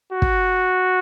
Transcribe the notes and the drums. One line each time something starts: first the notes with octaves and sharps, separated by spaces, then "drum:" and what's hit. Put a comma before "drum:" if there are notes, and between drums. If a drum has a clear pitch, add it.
F#4
drum: kick